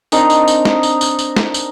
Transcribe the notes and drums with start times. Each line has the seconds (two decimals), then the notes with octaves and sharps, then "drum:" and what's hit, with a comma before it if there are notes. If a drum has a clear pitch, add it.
0.12 C4 D4 D#4 A#4, drum: tambourine
0.30 drum: tambourine
0.48 drum: tambourine
0.65 drum: snare
0.83 drum: tambourine
1.01 drum: tambourine
1.19 drum: tambourine
1.36 drum: snare
1.54 drum: tambourine